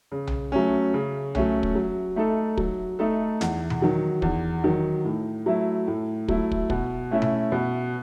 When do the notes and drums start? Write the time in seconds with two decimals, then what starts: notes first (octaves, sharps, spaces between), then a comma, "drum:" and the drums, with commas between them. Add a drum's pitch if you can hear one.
0.12 C#3
0.27 drum: tom B1
0.52 F#3 A3 C#4
0.94 C#3
1.35 F#3 A3 C#4, drum: tom B1
1.63 drum: kick
1.75 F#3
2.16 A3 D#4 A4
2.57 F#3, drum: kick
2.99 A3 D#4 A4
3.41 E2, drum: snare
3.70 drum: tom B2
3.82 D#3 F#3
4.22 E2, drum: kick
4.64 D#3 F#3
5.05 A2
5.46 F#3 A3 E4
5.88 A2
6.28 F#3 A3 E4, drum: kick
6.52 drum: kick
6.70 B2, drum: kick
7.11 A3 C#4 E4
7.22 drum: tom B2
7.52 B2